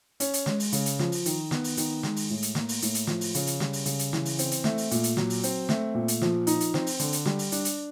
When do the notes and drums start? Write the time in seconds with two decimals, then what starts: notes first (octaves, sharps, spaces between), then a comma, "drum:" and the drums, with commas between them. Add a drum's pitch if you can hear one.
0.20 C#4, drum: hi-hat
0.34 drum: hi-hat
0.46 G#3, drum: snare
0.60 drum: open hi-hat
0.72 C#3, drum: hi-hat
0.86 drum: hi-hat
0.99 F3, drum: snare
1.12 drum: open hi-hat
1.26 D#3, drum: hi-hat
1.51 B3, drum: snare
1.64 drum: open hi-hat
1.77 D#3, drum: hi-hat
2.03 G#3, drum: snare
2.16 drum: open hi-hat
2.30 A2
2.43 drum: hi-hat
2.55 A#3, drum: snare
2.69 drum: open hi-hat
2.82 A2, drum: hi-hat
2.95 drum: hi-hat
3.07 F3, drum: snare
3.21 drum: open hi-hat
3.35 C#3, drum: hi-hat
3.47 drum: hi-hat
3.60 G3, drum: snare
3.73 drum: open hi-hat
3.86 C#3, drum: hi-hat
3.99 drum: hi-hat
4.13 E3, drum: snare
4.25 drum: open hi-hat
4.39 C4, drum: hi-hat
4.51 drum: hi-hat
4.64 A3, drum: snare
4.78 drum: open hi-hat
4.91 A#2, drum: hi-hat
5.04 drum: hi-hat
5.17 F#3, drum: snare
5.30 drum: open hi-hat
5.44 C4, drum: hi-hat
5.69 A3, drum: snare
5.95 A#2
6.08 drum: hi-hat
6.22 F3, drum: snare
6.47 D#4, drum: hi-hat
6.60 drum: hi-hat
6.74 C4, drum: snare
6.87 drum: open hi-hat
6.99 D3, drum: hi-hat
7.13 drum: hi-hat
7.26 G3, drum: snare
7.39 drum: open hi-hat
7.52 D4, drum: hi-hat
7.65 drum: hi-hat